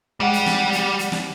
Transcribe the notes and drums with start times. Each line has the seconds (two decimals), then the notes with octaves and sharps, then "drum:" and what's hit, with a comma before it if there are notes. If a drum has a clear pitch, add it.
0.20 G3 G#3 G4 F#5
0.33 drum: hi-hat
0.46 drum: snare
0.73 drum: hi-hat
0.99 drum: hi-hat
1.12 drum: snare